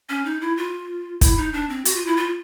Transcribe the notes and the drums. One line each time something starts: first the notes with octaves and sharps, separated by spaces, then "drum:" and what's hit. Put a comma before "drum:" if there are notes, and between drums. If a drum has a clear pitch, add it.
C#4
D#4
E4
F4
E4, drum: kick, hi-hat
D#4
D4
C4
F#4, drum: hi-hat
F4
E4
F4